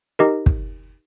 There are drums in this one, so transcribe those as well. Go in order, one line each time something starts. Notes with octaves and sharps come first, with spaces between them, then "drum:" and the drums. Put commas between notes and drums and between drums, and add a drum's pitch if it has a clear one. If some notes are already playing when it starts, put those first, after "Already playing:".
D#4 G4 A#4 D#5
drum: kick